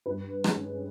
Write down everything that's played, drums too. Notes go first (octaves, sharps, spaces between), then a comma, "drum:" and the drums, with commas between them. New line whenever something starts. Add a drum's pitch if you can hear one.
G2 B4
D#3 G#3 C#4, drum: rim click